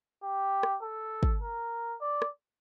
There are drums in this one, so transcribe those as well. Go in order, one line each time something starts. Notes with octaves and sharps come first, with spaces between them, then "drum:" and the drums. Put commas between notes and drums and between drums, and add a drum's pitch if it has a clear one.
G4
drum: rim click
A4
drum: kick
A#4
D5
drum: rim click